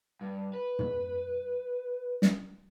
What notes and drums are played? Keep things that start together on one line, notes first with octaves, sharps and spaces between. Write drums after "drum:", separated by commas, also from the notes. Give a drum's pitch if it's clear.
G2
B4
drum: tom
drum: snare